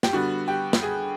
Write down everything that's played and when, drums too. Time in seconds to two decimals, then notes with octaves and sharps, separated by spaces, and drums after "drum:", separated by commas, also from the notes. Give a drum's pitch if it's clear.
0.03 G4, drum: snare
0.13 D3 G3 B3 F#4
0.48 G4
0.73 drum: snare
0.82 G#4